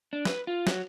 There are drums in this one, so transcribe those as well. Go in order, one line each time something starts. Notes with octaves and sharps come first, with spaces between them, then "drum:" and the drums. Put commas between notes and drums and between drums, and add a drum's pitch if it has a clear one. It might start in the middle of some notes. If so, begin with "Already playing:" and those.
D4
B4, drum: snare
F4
F#3, drum: snare